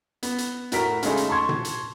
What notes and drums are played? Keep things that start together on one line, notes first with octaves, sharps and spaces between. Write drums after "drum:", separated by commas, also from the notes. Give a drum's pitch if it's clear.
B3, drum: hi-hat
drum: hi-hat
A2 F#4 A#4 B6, drum: hi-hat
C#3 G#3 A3 D#4, drum: hi-hat
drum: hi-hat
A5 C6 C#6 G#6
drum: tom
drum: hi-hat